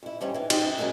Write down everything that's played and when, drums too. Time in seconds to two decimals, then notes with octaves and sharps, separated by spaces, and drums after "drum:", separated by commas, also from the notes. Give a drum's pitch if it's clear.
0.03 F2 E4
0.21 E2 D3 G3 C4 C#4 D#4
0.34 D#3 E3
0.50 C4 D#4 G4 C5, drum: cymbal
0.62 F#2
0.78 F#3 G#3 A#3 C#4 D#4 F#4